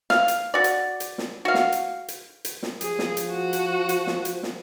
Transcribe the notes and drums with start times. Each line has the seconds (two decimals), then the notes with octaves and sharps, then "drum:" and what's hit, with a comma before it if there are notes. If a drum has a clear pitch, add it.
0.10 F5, drum: snare
0.28 drum: hi-hat
0.54 F#4 D5
0.64 drum: hi-hat
1.00 drum: hi-hat
1.18 drum: snare
1.45 F#4 F5
1.54 drum: snare
1.72 drum: hi-hat
2.08 drum: hi-hat
2.45 drum: hi-hat
2.63 drum: snare
2.81 F3 G#4, drum: hi-hat
2.99 drum: snare
3.17 drum: hi-hat
3.32 F#4
3.53 drum: hi-hat
3.89 drum: hi-hat
4.07 drum: snare
4.25 drum: hi-hat
4.43 drum: snare